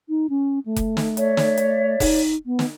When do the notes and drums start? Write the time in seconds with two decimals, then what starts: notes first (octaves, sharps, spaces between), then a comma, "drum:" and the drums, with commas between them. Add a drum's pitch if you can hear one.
0.09 D#4
0.29 C#4
0.66 A3
0.76 drum: kick F1, hi-hat
0.97 drum: snare
1.17 C#5 D5 E5, drum: hi-hat
1.37 drum: snare
1.57 drum: hi-hat
2.00 D#4, drum: kick F1, open hi-hat
2.46 B3
2.59 drum: snare